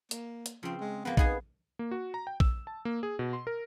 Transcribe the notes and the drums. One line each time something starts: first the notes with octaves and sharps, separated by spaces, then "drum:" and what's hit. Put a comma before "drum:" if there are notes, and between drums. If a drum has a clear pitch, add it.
A#3, drum: hi-hat
drum: hi-hat
C#3 F3 C4
G#3
F3 A#3 B3
B3 D#4 G#4 G#5, drum: kick A#1
A#3
F#4
A#5
G5
E6, drum: kick A#1
A5
A#3
G#4
B2
C6
A#4